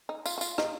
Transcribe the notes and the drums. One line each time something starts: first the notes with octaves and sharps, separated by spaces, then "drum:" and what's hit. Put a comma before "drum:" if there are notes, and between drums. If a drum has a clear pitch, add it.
D#4
F4, drum: tambourine
F#4
F4, drum: tambourine
D#4, drum: rim click